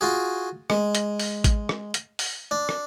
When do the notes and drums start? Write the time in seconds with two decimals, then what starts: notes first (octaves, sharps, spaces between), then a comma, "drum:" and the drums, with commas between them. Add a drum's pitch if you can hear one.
0.01 F4 F#4 G#4
0.70 G#3, drum: rim click
0.95 drum: hi-hat
1.19 drum: open hi-hat
1.44 drum: kick A1, hi-hat
1.69 drum: rim click
1.94 drum: hi-hat
2.19 drum: open hi-hat
2.51 D4
2.69 drum: rim click